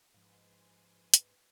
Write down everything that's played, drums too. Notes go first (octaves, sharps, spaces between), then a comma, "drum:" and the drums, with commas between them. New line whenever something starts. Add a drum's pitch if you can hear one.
G#2 F3 B4 F5 G#5 C6
drum: hi-hat